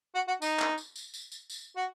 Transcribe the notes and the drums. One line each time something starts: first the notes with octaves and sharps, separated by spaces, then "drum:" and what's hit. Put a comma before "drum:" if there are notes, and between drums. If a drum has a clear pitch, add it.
F#4
F#4
D#4, drum: tambourine
drum: clap
drum: tambourine
drum: tambourine
drum: tambourine
drum: tambourine
drum: tambourine
F#4